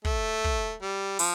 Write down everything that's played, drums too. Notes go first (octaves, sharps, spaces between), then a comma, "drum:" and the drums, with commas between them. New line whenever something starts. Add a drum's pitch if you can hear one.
A3, drum: kick
drum: kick
G3
F3, drum: open hi-hat